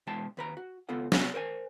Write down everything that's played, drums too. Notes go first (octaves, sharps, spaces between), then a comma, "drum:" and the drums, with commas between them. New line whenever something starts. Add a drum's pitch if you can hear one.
B2 E3 G#3 G5 A5 C6
D#2 B4 A#5
F#4
C#2 B3 F4 A4 F#5
C3 G3 B3 C4, drum: snare
A#4 C5 D5 G#5